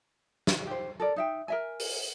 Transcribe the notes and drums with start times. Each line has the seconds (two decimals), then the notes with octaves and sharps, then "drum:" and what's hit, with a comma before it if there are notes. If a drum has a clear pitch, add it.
0.47 drum: snare
0.67 G4 C5
1.00 A4 A#4 D5
1.16 D#4 E5 G5
1.48 A#4 E5 G#5
1.80 drum: open hi-hat